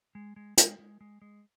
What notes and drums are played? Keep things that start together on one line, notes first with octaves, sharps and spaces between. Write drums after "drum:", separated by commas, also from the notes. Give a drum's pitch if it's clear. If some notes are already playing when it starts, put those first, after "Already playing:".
G#3
G#3
G#3, drum: hi-hat
G#3
G#3
G#3